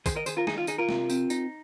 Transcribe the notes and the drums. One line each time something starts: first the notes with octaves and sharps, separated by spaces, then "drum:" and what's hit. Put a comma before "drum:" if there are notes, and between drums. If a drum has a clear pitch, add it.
D#3 G#4 C5, drum: kick, tambourine
A#4 D#5
D#3 G#4 C5, drum: tambourine
F4 A#4
D#3 D#4 G#4, drum: snare
F4
D#3 D#4 G#4, drum: tambourine
F4 A#4
C3, drum: snare
C4, drum: tambourine
D#4, drum: tambourine